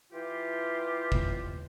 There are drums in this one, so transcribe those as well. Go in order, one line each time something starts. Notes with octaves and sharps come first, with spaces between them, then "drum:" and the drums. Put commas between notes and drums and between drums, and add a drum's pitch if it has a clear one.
E3 F4 G4
drum: kick